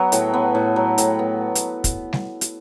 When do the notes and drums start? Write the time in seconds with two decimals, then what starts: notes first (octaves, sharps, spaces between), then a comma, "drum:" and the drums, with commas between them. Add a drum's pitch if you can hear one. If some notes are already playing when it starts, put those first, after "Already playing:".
Already playing: F#3 B3
0.12 A2 G5, drum: hi-hat
0.34 B3
0.55 A2
0.76 F#3
0.98 A2 G5, drum: hi-hat
1.19 B3
1.55 drum: hi-hat
1.84 drum: kick, hi-hat
2.13 drum: snare
2.41 drum: hi-hat